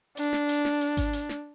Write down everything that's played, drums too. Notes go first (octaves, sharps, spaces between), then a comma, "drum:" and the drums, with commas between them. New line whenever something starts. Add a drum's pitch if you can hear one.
D4, drum: hi-hat
drum: snare
drum: hi-hat
drum: snare
drum: hi-hat
drum: kick G#1, hi-hat
drum: hi-hat
drum: snare